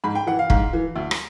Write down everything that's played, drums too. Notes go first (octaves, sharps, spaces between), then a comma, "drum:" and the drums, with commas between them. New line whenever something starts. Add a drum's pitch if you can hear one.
G#2 B5
G5
E3 F#5
F5
G#2, drum: kick
E3
D2
drum: rim click